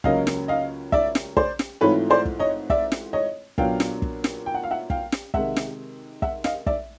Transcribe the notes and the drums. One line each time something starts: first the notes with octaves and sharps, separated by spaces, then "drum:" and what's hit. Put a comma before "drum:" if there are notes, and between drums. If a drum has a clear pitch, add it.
C#2 C#3 F#3 A#3 C#4 D#5 F5, drum: kick
drum: snare
D#5 F5
D5 E5, drum: kick
drum: snare
C5 D5, drum: kick
drum: snare
G#2 E3 A3 C4 F4 B4 C#5
C5 D5
drum: kick
C#5 D#5
D5 E5, drum: kick
drum: snare
C#5 D#5
A#2 F#3 B3 D4 F5 G5, drum: kick
drum: snare
drum: kick
drum: snare
G5
F#5
F5
E5 F#5
F5 G5, drum: kick
drum: snare
C3 D#3 G#3 E5 F#5, drum: kick
drum: snare
E5 F#5, drum: kick
D#5 F5, drum: snare
D5 E5, drum: kick